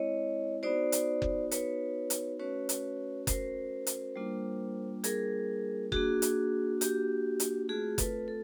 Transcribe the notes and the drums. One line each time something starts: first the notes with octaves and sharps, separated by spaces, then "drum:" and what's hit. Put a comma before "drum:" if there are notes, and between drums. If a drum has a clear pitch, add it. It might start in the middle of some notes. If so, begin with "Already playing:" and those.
Already playing: G#3 C4 E4 C#5 D#5
B3 D#4 F#4 C5 D5
drum: hi-hat
drum: kick F#1
B4 C#5, drum: hi-hat
drum: hi-hat
A3 C#4 F#4 B4 C#5
drum: hi-hat
A#4 C5, drum: kick F#1, hi-hat
drum: hi-hat
G3 A#3 D4 F4
G#4 A#4, drum: hi-hat
A#3 D4 F#4 G#4, drum: kick F#1
drum: hi-hat
G4, drum: hi-hat
drum: hi-hat
A3 C4 F4 F#4 G#4
A4 B4, drum: kick F#1, hi-hat
A4